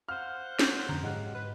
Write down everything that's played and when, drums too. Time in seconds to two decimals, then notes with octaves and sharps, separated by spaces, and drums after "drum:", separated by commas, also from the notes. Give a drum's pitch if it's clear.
0.09 C5 F5 F#5 F6
0.59 drum: snare
0.89 F1 D3 A#5
1.03 G#2 C#3 F#3 G4 D#5 F#5 F#6
1.35 B4